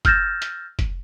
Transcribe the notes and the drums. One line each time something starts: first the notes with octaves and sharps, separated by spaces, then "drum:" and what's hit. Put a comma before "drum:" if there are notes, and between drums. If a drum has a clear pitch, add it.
E6 F6 G6 A6 A#6 E7, drum: kick, hi-hat
drum: hi-hat
drum: kick, hi-hat